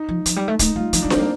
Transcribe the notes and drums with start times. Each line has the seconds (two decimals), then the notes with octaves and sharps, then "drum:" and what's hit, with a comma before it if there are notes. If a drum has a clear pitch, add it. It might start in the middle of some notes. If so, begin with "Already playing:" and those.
Already playing: D#4
0.09 F3
0.26 F3, drum: hi-hat
0.36 G3
0.48 A3
0.59 A3 D#4, drum: kick, hi-hat
0.76 G3 F4
0.93 F3 D#4, drum: hi-hat
1.02 G3 D4
1.10 C4, drum: snare D4
1.16 G3 A#3